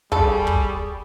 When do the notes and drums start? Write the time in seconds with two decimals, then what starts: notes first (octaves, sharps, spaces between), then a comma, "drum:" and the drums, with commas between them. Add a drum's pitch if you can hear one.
0.12 G3 G#4 A4 G#5 B5 C#6, drum: kick
0.47 drum: kick